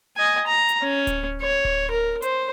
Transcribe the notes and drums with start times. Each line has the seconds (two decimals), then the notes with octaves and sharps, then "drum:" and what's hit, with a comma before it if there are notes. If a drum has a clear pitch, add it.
0.17 D#5 G#5
0.47 A#5
0.69 drum: hi-hat
0.82 C#4
1.07 drum: kick D1, hi-hat
1.41 C#5
1.65 drum: kick D1
1.91 A#4
2.22 C5, drum: hi-hat